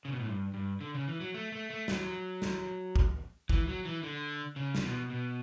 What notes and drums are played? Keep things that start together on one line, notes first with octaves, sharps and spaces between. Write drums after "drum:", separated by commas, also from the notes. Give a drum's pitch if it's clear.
C#3
B2
A2
G2
G2
D3
C#3
E3
F#3
A3
A3
A3
F#3, drum: snare
drum: snare
drum: kick
E3, drum: kick
F#3
E3
D3
C#3
drum: snare
B2
B2